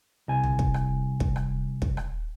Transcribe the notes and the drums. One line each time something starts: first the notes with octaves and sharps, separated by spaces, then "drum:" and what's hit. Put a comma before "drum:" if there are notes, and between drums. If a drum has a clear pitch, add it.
C2 G#5
drum: tom
drum: kick
drum: rim click
drum: kick
drum: rim click
drum: kick
drum: rim click